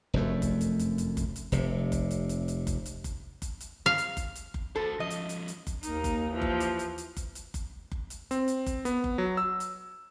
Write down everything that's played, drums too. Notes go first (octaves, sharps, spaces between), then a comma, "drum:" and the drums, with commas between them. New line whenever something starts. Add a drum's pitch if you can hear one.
F1 F#2 A3
drum: kick F#1, hi-hat
drum: hi-hat
drum: hi-hat
drum: hi-hat
drum: kick F#1, hi-hat
drum: hi-hat
F1 C3, drum: kick F#1, hi-hat
drum: kick F#1, hi-hat
drum: hi-hat
drum: hi-hat
drum: hi-hat
drum: kick F#1, hi-hat
drum: hi-hat
drum: kick F#1, hi-hat
drum: kick F#1, hi-hat
drum: hi-hat
F5
drum: hi-hat
drum: kick F#1, hi-hat
drum: hi-hat
drum: kick F#1
F#4 A4 C5
F3 C#4 D#5
drum: hi-hat
drum: hi-hat
drum: hi-hat
drum: kick F#1, hi-hat
D#2 A#3 D#4, drum: hi-hat
drum: kick F#1, hi-hat
E3 F3
drum: kick F#1
drum: hi-hat
drum: hi-hat
drum: hi-hat
drum: kick F#1, hi-hat
drum: hi-hat
drum: kick F#1, hi-hat
drum: kick F#1
drum: hi-hat
C4, drum: hi-hat
drum: hi-hat
drum: kick F#1, hi-hat
B3, drum: hi-hat
drum: kick F#1
F#3
E6
drum: hi-hat